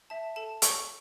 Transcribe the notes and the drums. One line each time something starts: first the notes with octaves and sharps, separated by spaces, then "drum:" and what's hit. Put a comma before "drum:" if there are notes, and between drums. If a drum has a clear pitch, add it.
E5 A5
A4 A5
A4 C#6, drum: hi-hat